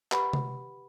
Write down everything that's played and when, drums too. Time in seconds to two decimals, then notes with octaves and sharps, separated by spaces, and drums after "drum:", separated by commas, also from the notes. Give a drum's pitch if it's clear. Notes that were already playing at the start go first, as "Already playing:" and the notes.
0.12 G4 B4 F#5 B5, drum: clap
0.33 drum: tom C3